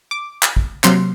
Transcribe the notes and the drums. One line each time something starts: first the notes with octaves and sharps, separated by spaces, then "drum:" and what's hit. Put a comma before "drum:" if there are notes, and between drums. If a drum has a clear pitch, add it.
D6
drum: clap
drum: kick
C3 F#3 A#3 C6, drum: clap